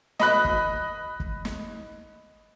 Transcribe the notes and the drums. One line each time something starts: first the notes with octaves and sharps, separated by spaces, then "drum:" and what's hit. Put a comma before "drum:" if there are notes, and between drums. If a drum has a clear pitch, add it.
D#5 B5 F#6, drum: snare
drum: kick
drum: kick
drum: snare